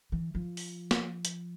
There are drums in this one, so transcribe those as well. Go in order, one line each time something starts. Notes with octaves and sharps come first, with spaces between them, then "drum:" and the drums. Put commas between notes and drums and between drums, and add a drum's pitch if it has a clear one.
E3
F3
drum: open hi-hat
drum: snare
drum: hi-hat